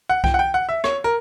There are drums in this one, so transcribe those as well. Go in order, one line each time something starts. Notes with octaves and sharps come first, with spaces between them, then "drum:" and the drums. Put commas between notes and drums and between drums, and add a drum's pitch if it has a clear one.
F#5
G5, drum: kick C2
F#5
G5
F#5
E5
C#5, drum: rim click
A#4